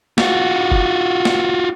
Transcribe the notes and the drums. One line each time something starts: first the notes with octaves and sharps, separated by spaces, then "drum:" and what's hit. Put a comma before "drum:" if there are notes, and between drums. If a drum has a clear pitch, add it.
F4 F#4, drum: snare
drum: kick F#1
drum: snare